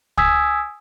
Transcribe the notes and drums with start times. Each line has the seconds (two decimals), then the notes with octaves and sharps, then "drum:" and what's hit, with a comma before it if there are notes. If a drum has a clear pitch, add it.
0.18 G#5 D#6 E6 G#6 B6, drum: kick